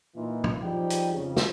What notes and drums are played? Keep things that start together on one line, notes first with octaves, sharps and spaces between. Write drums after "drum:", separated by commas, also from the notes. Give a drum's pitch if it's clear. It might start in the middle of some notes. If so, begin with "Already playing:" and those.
A#2 E3 D#4 F4
drum: tom
F3 G3 D#4 G#4 G5
drum: hi-hat
F2 C#3
drum: snare